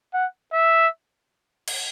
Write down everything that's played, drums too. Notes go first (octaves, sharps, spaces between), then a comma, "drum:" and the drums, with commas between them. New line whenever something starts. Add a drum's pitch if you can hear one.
F#5
E5
drum: cymbal